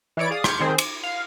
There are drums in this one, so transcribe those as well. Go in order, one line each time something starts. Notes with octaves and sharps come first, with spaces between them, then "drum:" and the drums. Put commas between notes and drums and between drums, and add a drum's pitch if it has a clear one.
E3 E4 C#5 D5 D7
G#4 D5 F5 D#6
C#6 D6 F6 G6 G#6 C#7, drum: rim click
D#3 C4 G#4 C5
D6, drum: cymbal
F5